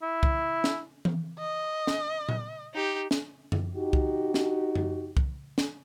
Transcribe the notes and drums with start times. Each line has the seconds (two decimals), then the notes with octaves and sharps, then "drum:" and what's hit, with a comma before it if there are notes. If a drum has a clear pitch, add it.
0.02 E4
0.23 drum: kick C2
0.64 drum: snare
1.05 drum: tom E3
1.39 D#5
1.87 drum: snare
2.29 drum: tom A#2
2.74 D#4 G4
3.11 drum: snare
3.52 drum: tom F#2
3.76 D#4 F#4 G4
3.93 drum: kick C2
4.34 drum: snare
4.75 drum: tom F#2
5.17 drum: kick C2
5.58 drum: snare